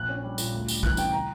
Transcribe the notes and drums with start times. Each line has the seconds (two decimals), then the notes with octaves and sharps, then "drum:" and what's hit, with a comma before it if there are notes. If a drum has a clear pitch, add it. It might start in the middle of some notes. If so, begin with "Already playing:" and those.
Already playing: A#1 F#6
0.09 C#4
0.23 G3
0.38 A#2, drum: tambourine
0.53 D2
0.68 G3, drum: tambourine
0.83 E3 F#6, drum: kick
0.97 C#3 G5, drum: tambourine
1.12 A#5